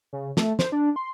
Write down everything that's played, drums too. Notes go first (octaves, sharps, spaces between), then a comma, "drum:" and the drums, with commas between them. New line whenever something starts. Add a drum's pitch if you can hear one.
C#3
A3, drum: snare
C5, drum: snare
D4
C6